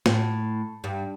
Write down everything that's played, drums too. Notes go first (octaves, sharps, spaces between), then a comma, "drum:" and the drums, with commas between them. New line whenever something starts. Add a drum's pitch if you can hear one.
A2, drum: snare
G2